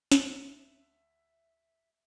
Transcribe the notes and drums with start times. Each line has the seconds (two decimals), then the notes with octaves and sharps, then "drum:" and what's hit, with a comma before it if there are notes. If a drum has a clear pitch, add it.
0.12 D2 E5 F#5 A#5, drum: snare